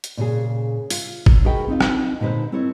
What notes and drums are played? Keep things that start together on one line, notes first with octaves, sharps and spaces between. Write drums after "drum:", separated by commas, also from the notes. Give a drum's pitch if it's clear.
drum: hi-hat
A#2 C#3 G#4
F4, drum: open hi-hat
drum: kick G1
F#4 G#4 A#4 B4 D#5 G5
C4 D#4 F4
drum: rim click
A#2 D3 D#4 B4 C5
C4 E4 A#4 C#5